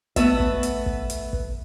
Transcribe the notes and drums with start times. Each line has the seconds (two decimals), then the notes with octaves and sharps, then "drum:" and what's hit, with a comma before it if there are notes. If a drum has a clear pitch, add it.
0.16 A3 B3 E5, drum: kick, hi-hat
0.40 drum: kick
0.63 drum: hi-hat
0.86 drum: kick
1.10 drum: hi-hat
1.33 drum: kick